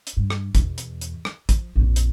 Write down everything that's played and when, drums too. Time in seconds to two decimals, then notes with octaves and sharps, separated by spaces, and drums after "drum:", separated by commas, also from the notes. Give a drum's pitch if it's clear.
0.07 drum: hi-hat
0.17 G2
0.30 drum: rim click
0.55 E2 B2, drum: kick, hi-hat
0.78 drum: hi-hat
1.01 drum: hi-hat
1.25 drum: rim click
1.49 F3, drum: kick, hi-hat
1.76 A#1 F2
1.96 drum: hi-hat